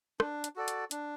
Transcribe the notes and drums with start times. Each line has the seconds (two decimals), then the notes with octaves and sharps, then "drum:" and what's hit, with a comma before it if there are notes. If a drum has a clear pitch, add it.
0.20 D4, drum: rim click
0.44 drum: hi-hat
0.56 F#4 A4 D5
0.68 drum: hi-hat
0.91 D4, drum: hi-hat